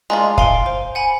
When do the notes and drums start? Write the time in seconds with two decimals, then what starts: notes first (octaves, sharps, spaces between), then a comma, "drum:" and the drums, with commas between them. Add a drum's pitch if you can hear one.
0.10 G#3 D4 F4 A#5
0.38 F5 G#5 C6 D7, drum: kick
0.66 C5
0.95 F#5 G#5 B5